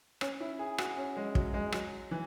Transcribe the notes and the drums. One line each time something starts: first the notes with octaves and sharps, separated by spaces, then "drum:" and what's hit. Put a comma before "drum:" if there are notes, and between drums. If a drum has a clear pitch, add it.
C#4, drum: rim click
E4
G#4
F#4, drum: rim click
C#4
G#3
F#3, drum: kick
G#3
F#3, drum: rim click
E3